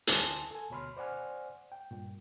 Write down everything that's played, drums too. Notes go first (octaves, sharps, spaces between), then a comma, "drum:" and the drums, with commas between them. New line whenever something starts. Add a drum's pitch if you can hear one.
D2 G#5 A5 C6, drum: hi-hat
A4 G#5
D2 B2 C#5 B5 C6 F6
C5 D5 F#5 G#5 F6
G5
G2 A#2